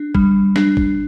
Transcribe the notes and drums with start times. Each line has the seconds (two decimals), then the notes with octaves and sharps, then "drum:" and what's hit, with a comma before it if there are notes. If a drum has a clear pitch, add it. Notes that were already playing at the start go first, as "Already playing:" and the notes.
Already playing: D4
0.15 G3, drum: kick G#1
0.56 D4, drum: snare
0.77 drum: kick G#1